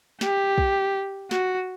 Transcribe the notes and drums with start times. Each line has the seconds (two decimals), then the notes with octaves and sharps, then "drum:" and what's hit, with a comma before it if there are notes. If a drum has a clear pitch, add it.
0.21 G4, drum: snare
0.58 drum: kick
1.31 F#4, drum: snare